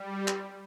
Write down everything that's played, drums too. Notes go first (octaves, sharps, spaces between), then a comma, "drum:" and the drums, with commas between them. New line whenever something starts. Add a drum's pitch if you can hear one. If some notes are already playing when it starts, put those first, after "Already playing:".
Already playing: G3
drum: clap